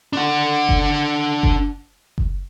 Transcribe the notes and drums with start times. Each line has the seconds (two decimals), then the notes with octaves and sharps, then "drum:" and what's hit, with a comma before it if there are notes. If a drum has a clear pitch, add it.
0.13 D4 F#5
0.69 drum: kick F#1
1.43 drum: kick F#1
2.18 drum: kick F#1